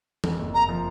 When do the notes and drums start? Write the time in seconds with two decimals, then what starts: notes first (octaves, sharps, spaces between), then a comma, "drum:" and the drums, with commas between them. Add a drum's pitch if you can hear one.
0.24 F2, drum: tom E3
0.39 F#1
0.54 F#1 A#5
0.69 F3